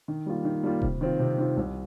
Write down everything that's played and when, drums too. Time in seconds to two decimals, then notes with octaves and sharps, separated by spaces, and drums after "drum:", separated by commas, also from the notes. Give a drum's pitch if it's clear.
0.08 D#3
0.26 G3 A#3 F4
0.45 D#3
0.63 G3 A#3 F4
0.82 C3, drum: kick D#1
1.01 D#3 C4 F4
1.19 C3
1.38 D#3 C4 F4
1.57 C2